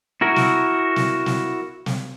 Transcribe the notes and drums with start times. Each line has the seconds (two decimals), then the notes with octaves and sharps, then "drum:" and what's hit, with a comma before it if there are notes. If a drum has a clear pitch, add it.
0.21 E4 F#4 A#4
0.36 drum: snare
0.96 drum: snare
1.26 drum: snare
1.86 drum: snare